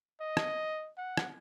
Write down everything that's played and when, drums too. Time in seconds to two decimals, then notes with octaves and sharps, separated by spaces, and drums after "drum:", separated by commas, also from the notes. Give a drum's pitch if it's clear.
0.21 D#5
0.37 drum: rim click
0.98 F#5
1.17 drum: rim click